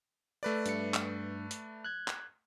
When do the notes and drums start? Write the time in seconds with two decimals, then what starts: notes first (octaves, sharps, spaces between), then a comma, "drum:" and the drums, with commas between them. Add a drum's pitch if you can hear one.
0.43 A3 B4 D5
0.66 G2 C#7, drum: hi-hat
0.94 drum: clap
1.51 drum: hi-hat
1.85 F#6 G#6
2.08 drum: clap